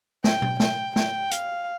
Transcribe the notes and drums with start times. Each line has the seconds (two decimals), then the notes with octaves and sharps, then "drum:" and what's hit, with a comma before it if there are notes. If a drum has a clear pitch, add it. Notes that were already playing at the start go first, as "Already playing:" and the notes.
0.24 G5, drum: snare
0.42 drum: tom B2
0.60 G5, drum: snare
0.96 G5, drum: snare
1.31 F5, drum: hi-hat